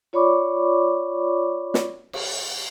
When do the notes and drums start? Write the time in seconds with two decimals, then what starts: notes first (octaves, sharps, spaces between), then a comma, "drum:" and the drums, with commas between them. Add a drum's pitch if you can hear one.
0.13 F4 C#5 D5 B5 C#6 D6
1.74 drum: snare
2.13 drum: cymbal